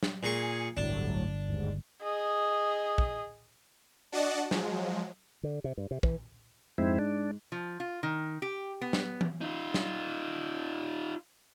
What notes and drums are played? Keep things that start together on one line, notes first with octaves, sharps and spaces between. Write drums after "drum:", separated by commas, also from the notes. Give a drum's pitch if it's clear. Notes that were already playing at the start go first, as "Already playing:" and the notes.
drum: snare
A#2 G#4 G#5 C#6
G1 C2 A2 F#3 D4
D#2 G#2
G#4 D#5
drum: kick
D4 F#4 D5 D#5 F#5 A5
F3 F#3 G#3, drum: snare
D3
C3
G2
C3
E3, drum: kick
F2 G#2 C4 E4
D4
F3
F4
D#3
G4
B3
drum: snare
drum: tom E3
D#4 F4
drum: snare